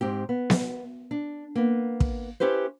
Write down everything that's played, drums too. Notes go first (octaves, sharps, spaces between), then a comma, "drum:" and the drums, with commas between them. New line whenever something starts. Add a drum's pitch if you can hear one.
G#2 C4 G4
B3
drum: snare B3
D4
A#3 B3
drum: kick
C#4 E4 G4 B4 C5